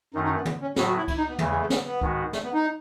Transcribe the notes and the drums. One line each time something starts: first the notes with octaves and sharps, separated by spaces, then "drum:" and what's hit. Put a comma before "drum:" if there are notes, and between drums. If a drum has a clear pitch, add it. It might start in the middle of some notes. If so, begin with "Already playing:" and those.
F#2 D#3 A3 C#4 D#4
D#4
B3
B3, drum: tom
C#4
A2 F#3 B3 F#4, drum: snare
F#4
E4
E4, drum: kick C#2, cymbal
D#4
B3
E2 C#3 E3 A3, drum: tom
G#3
A3
B3, drum: snare
B3
G#2 D#3 G#3 B3 F#4, drum: kick C#2
A3, drum: snare
B3
D#4